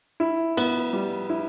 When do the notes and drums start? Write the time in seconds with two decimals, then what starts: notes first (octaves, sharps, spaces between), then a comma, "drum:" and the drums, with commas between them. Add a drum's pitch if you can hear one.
0.20 E4
0.57 B3, drum: cymbal
0.93 G3
1.30 E4